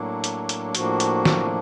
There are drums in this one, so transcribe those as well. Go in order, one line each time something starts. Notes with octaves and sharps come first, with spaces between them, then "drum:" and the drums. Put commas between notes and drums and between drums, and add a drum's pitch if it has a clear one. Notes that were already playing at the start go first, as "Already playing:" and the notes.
Already playing: A2 F#3 A#3 D4
drum: hi-hat
drum: hi-hat
A2 F3 A#3 D4 F#4, drum: hi-hat
drum: hi-hat
drum: snare